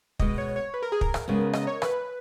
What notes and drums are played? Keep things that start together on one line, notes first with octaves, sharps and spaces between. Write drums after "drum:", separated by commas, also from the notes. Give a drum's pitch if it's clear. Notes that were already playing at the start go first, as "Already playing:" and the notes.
B2 G#3 B3 D#5, drum: kick
C#5
C#5
B4
A#4
G#4
A#4, drum: kick
drum: rim click
C#3 G#3 B3
D#5, drum: rim click
C#5
B4, drum: rim click